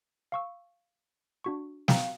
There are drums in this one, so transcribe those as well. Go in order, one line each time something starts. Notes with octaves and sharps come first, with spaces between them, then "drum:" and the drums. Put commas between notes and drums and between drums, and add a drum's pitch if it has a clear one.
F5 C#6 E6
D4 F#4 C#6
F5 G5 A#5, drum: snare